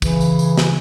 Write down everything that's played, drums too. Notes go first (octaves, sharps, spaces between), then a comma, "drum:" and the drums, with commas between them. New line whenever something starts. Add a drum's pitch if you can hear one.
C#3 E3, drum: kick, tambourine
drum: tambourine
drum: tambourine
drum: snare